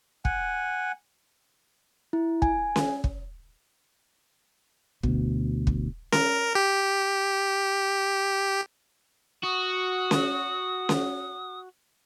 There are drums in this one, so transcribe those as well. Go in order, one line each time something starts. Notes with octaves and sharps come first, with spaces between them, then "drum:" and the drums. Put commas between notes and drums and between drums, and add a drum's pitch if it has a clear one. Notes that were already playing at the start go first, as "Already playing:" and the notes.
F#5 G#5, drum: kick
E4
G#5, drum: kick
drum: snare C#4
drum: kick
D2 B2, drum: kick
drum: kick
A#4, drum: snare C#4
G4
F#4 D#6
drum: snare C#4
drum: snare C#4